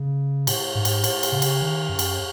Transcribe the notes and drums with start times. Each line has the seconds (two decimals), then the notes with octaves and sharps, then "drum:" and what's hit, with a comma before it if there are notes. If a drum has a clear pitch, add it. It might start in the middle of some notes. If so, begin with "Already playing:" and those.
Already playing: C#3
0.47 A2, drum: cymbal
0.75 G#2
0.85 drum: cymbal
1.04 A2, drum: cymbal
1.23 drum: cymbal
1.32 C#3
1.42 drum: cymbal
1.61 D#3
1.89 F#2
1.99 drum: cymbal